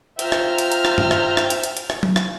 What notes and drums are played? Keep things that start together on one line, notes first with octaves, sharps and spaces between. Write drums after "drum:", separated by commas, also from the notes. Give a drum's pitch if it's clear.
F4 C5 E5 G5 A#5 F6, drum: hi-hat
drum: rim click
drum: hi-hat
drum: hi-hat
drum: rim click
drum: tom G2
drum: rim click
drum: rim click
drum: hi-hat
drum: hi-hat
drum: hi-hat
drum: rim click
drum: tom F#3
drum: rim click